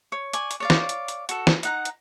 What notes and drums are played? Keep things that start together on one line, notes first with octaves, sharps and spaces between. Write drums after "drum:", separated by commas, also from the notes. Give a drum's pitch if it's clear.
C#5
D5 G#5 C#6, drum: hi-hat
drum: hi-hat
C#5 D5 F5
drum: snare
drum: hi-hat
drum: hi-hat
F#4 A4, drum: hi-hat
drum: snare
D#4 F#5 A#5, drum: hi-hat
drum: hi-hat